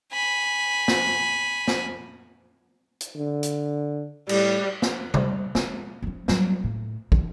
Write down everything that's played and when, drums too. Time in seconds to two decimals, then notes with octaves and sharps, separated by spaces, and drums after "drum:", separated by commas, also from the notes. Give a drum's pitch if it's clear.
0.12 G#5 B5
0.88 drum: snare
1.68 drum: snare
3.01 drum: hi-hat
3.16 D3
3.43 drum: hi-hat
4.29 A2 G3, drum: cymbal
4.82 drum: snare
5.14 G3, drum: tom C3
5.55 G#3, drum: snare
6.03 F3 C#4
6.28 F#3 G3, drum: snare
6.64 A2
7.12 E3, drum: kick